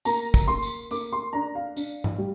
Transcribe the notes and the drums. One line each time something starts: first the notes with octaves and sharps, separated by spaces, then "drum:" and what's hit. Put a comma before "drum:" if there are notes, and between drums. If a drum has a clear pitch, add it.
A#3 A#5, drum: tambourine
drum: kick, tambourine
A#3 C6
drum: tambourine
A#3 D6, drum: tambourine
C6
D4 A#5
F5
D4, drum: tambourine
drum: tom G#2
G3